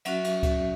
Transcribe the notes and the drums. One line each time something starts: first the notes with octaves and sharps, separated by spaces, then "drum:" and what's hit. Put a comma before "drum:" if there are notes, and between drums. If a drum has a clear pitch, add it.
F#3 C#4 F#4 E5, drum: cymbal
drum: cymbal
drum: kick C#2, cymbal